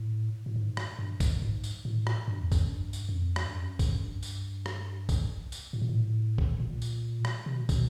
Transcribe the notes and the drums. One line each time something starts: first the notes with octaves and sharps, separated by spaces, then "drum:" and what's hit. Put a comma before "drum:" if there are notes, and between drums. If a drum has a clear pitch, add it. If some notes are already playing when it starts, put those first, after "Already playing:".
Already playing: A2
A2
G#2
drum: rim click
G2
drum: kick, tambourine
G#2
drum: tambourine
A2
drum: rim click
G2
E2
F2, drum: kick, tambourine
F#2
G2
drum: tambourine
F#2
F2
drum: rim click
G2
F#2
drum: kick, tambourine
F#2
G2
drum: tambourine
drum: rim click
drum: kick, tambourine
drum: tambourine
A2
A#2
A2
drum: kick
A#2
drum: tambourine
drum: rim click
C3
B2
A#2
B2, drum: kick, tambourine